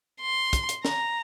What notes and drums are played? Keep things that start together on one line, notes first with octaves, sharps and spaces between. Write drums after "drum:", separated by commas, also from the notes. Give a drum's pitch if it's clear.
C6
drum: kick, hi-hat
drum: hi-hat
A#5, drum: snare